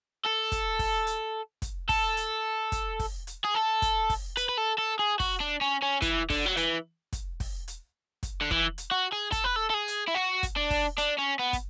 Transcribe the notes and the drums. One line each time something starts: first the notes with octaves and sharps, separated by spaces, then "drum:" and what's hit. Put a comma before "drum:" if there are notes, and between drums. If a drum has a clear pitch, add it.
A4
drum: kick, hi-hat
drum: kick, open hi-hat
drum: hi-hat
drum: kick, hi-hat
A4, drum: kick, open hi-hat
drum: hi-hat
drum: kick, hi-hat
drum: kick, open hi-hat
drum: hi-hat
G#4
A4
drum: kick, hi-hat
drum: kick, open hi-hat
B4, drum: hi-hat
B4
A4
A4
G#4
F#4, drum: kick, open hi-hat
D4
C#4
C#4
E3, drum: kick, hi-hat
D3, drum: kick, open hi-hat
F#3
E3, drum: hi-hat
drum: kick, hi-hat
drum: kick, open hi-hat
drum: hi-hat
drum: kick, hi-hat
D3
E3, drum: kick
drum: hi-hat
F#4
G#4
A4, drum: kick, hi-hat
B4
A4
A4
G#4
drum: hi-hat
E4
F#4
drum: kick, hi-hat
D4
drum: kick, open hi-hat
D4, drum: hi-hat
C#4
B3
drum: kick, hi-hat